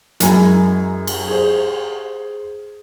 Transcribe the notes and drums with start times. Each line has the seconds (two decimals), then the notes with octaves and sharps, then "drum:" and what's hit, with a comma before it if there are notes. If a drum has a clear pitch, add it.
0.20 F#2 G#3 E4 G#5 A#5, drum: hi-hat
1.07 drum: cymbal
1.28 G#4 C5